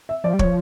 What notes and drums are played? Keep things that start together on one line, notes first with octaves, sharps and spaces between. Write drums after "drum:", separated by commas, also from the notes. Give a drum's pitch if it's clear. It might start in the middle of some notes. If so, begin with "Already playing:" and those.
E5
F3 D5
G3
F3 C#5, drum: kick